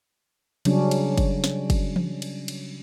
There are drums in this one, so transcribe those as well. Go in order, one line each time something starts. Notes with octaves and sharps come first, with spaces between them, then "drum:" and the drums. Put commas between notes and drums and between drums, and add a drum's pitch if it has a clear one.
C#3 F#3 G3 C#4 D4, drum: cymbal
drum: cymbal
drum: kick, cymbal
drum: snare
drum: kick, cymbal
drum: tom E3
drum: cymbal
drum: cymbal